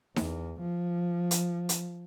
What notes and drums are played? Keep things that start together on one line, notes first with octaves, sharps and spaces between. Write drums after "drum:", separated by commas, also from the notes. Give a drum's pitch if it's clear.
E2, drum: snare D#4
F3
drum: hi-hat
drum: hi-hat